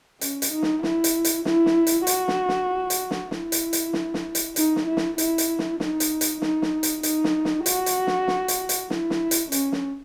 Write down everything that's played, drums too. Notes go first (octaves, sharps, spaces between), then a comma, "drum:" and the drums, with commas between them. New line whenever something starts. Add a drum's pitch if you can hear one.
C#4, drum: hi-hat
drum: hi-hat
D#4
drum: snare
E4, drum: snare
drum: hi-hat
drum: hi-hat
E4, drum: snare
drum: snare
drum: hi-hat
F#4, drum: hi-hat
drum: snare
drum: snare
drum: hi-hat
drum: snare
E4, drum: snare
drum: hi-hat
drum: hi-hat
drum: snare
drum: snare
drum: hi-hat
D#4, drum: hi-hat
drum: snare
E4
drum: snare
E4, drum: hi-hat
drum: hi-hat
drum: snare
D#4, drum: snare
drum: hi-hat
drum: hi-hat
D#4, drum: snare
drum: snare
drum: hi-hat
D#4, drum: hi-hat
drum: snare
drum: snare
F#4, drum: hi-hat
drum: hi-hat
drum: snare
drum: snare
drum: hi-hat
drum: hi-hat
E4, drum: snare
drum: snare
drum: hi-hat
C#4, drum: hi-hat
drum: snare